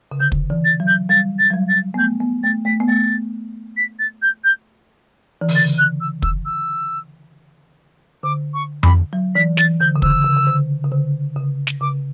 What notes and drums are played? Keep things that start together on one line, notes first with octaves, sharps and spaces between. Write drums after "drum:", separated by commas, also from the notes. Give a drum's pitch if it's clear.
C#3
D3 G6
drum: kick
E3
A6
F#3
G6
G3 A6
A6
F#3
G3
A6
B3
A3 G6
B3
A3 A6
A3 B6
B3
A3 A6
B6
A6
G6
G6
E3
D3, drum: open hi-hat
C#3 A6
F#6
E6
E6, drum: kick
E6
D3 D6
C#6
B5, drum: tom F2
F#3
E3 B6
E3 A6, drum: snare
D3 G6
C#3
D3 E6, drum: kick
C#3
C#3
D3
C#3
D3
C#3
drum: snare
C#3 D6